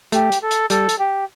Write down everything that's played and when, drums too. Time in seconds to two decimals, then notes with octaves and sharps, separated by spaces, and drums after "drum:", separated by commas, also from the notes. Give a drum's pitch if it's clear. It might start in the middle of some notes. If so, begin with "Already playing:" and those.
0.12 A3 G4, drum: hi-hat
0.32 drum: hi-hat
0.42 A4
0.51 drum: hi-hat
0.70 G3 A4, drum: hi-hat
0.89 drum: hi-hat
0.99 G4